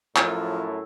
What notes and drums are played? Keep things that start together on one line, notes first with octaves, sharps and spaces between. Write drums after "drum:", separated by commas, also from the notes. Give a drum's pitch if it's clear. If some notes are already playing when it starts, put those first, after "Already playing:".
F#2 A2 F3 E6, drum: clap